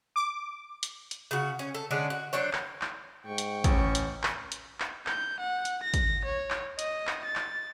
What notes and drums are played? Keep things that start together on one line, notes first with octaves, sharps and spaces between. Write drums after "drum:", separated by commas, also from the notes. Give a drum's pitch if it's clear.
D6
drum: hi-hat
drum: hi-hat
C#3 F#4
C#4
A4
D3 G#3 C#4 D4
F#4
F#3 D4 C5 C#5
drum: clap
drum: clap
G#2 G5 C#6
drum: hi-hat
A1 C#4, drum: kick, hi-hat
drum: hi-hat
drum: clap
drum: hi-hat
drum: clap
G6, drum: clap
F#5
drum: hi-hat
A#6
drum: kick, hi-hat
C#5
drum: clap
D#5, drum: hi-hat
drum: clap
A6
drum: clap